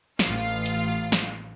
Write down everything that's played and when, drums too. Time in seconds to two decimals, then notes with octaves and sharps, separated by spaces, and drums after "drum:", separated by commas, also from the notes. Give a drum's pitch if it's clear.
0.19 A1 F4 F5, drum: snare
0.66 drum: hi-hat
1.12 drum: snare